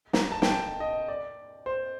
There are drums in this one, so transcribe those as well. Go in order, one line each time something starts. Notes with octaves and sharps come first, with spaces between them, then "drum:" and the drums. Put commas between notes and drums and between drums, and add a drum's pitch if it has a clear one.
A#5, drum: snare
A5
G5, drum: snare
A5
D#5
D5
C5